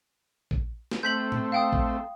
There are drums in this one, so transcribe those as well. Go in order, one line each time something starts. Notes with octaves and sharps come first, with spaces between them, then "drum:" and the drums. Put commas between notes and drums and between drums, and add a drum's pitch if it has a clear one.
drum: kick A#1
drum: snare
A3 C4 G6 B6 F#7
drum: tom A2
F5 G5 D#6
drum: kick A#1